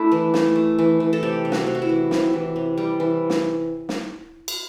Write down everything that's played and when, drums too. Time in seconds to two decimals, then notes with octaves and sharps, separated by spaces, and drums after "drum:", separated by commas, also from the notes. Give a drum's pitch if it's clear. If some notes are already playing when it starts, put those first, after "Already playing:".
Already playing: A3 D4 E4
0.12 E3
0.34 A3, drum: snare
0.56 A3
0.79 E3
1.00 E3
1.13 A4
1.23 C3 G4
1.45 C3
1.52 F#4, drum: snare
1.67 C3
1.75 F#4
1.82 E4
1.89 E3
2.11 C3, drum: snare
2.33 E3
2.56 C3
2.78 G3
3.00 E3
3.30 drum: snare
3.89 drum: snare
4.48 drum: cymbal